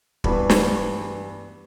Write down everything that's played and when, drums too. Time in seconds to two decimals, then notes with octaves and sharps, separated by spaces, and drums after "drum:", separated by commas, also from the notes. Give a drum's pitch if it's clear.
0.24 G2 E3 B3, drum: kick
0.50 drum: snare